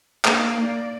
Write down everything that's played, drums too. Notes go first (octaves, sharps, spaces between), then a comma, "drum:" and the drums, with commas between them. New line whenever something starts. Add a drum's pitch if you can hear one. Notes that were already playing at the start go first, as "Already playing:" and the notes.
A#3 D#4, drum: clap
D5